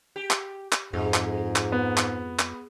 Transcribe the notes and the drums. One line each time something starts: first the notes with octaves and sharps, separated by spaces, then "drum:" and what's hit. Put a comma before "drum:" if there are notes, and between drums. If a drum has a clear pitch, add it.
G4
drum: clap
drum: clap
F2 G#2 G#3
drum: clap
drum: clap
B3
drum: clap
drum: clap